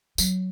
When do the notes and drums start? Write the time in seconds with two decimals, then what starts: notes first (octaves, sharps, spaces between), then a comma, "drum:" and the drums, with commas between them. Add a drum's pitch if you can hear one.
0.18 F#3, drum: tambourine